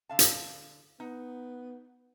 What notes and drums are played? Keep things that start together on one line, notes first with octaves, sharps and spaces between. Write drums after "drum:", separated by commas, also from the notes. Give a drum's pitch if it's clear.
D3 F5 A5
drum: hi-hat
B3 D#4